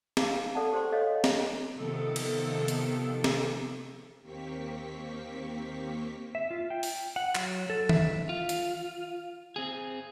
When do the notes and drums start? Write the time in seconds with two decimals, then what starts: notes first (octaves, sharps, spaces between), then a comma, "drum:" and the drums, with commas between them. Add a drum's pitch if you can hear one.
0.17 D#4 G#4 F5, drum: snare
0.55 A4 D5 E5 F#5 A5
0.72 G4 C5 D5 G5 C6
0.92 A4 C#5 D#5 F5 G5
1.24 drum: snare
1.77 C3 D#3 F3 B3 A4
2.16 drum: cymbal
2.68 drum: hi-hat
3.24 drum: snare
4.22 D#2 A#3 C4 G4 C#6 B6
6.35 E5
6.51 F4
6.70 G5
6.83 drum: open hi-hat
7.16 F#5
7.35 F#3, drum: clap
7.70 A4
7.89 E5, drum: tom D#3
8.29 F4
8.49 drum: hi-hat
9.56 C4 G#4